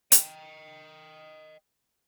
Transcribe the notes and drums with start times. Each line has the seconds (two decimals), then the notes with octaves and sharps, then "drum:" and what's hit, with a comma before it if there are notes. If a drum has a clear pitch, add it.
0.12 D#5 G5, drum: hi-hat